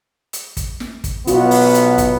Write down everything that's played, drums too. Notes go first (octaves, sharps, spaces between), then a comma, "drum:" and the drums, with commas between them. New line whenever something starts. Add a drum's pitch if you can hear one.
drum: hi-hat
drum: kick, hi-hat
drum: snare
drum: kick, hi-hat
B1 B3 F4 F#4, drum: hi-hat
drum: open hi-hat
drum: hi-hat
drum: kick, hi-hat